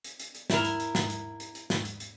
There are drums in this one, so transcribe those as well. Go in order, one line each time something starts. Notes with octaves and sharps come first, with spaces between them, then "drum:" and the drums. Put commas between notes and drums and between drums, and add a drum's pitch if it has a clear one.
drum: hi-hat
drum: hi-hat
drum: hi-hat
E4 A#4, drum: snare
drum: hi-hat
drum: hi-hat
drum: snare
drum: hi-hat
drum: hi-hat
drum: hi-hat
drum: snare
drum: hi-hat
drum: hi-hat